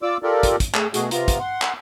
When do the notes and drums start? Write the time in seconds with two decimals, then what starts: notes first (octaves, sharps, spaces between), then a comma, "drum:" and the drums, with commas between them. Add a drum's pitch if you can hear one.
0.02 F4 D5 D6 E6
0.23 F4 G4 A4 A#4 D5
0.43 drum: kick, hi-hat
0.60 drum: kick, hi-hat
0.74 A3 G#4, drum: clap
0.94 B2 A3 F#4 G#4, drum: hi-hat
1.11 C3 B3 F4 A#5, drum: hi-hat
1.28 drum: kick, hi-hat
1.40 F#5 C6
1.62 drum: clap